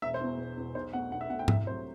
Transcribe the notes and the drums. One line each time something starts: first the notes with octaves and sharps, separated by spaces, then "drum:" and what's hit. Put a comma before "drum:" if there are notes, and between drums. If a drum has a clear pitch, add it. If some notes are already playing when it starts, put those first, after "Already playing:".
E1 E5
C5
E2 B2
E1
E2 B2
B1 C5
B2 A3 F#5
B1 F#5
E5
B2 A3 F#5
G5
C2 E5, drum: tom G#2
C3 F#3 A3 C5